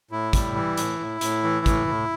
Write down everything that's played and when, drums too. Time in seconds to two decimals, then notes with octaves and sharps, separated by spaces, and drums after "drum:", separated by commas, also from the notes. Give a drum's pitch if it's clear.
0.11 A2 E4
0.33 G3, drum: kick, hi-hat
0.55 E3
0.77 A2, drum: hi-hat
1.00 A2
1.21 A2, drum: hi-hat
1.44 E3
1.66 A2, drum: kick, hi-hat
1.87 A2